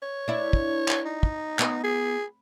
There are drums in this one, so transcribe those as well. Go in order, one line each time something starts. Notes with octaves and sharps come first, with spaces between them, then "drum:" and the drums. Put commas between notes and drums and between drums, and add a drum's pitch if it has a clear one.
C#5
D4 E4
drum: kick
drum: clap
D#4
drum: kick
B3, drum: clap
G#4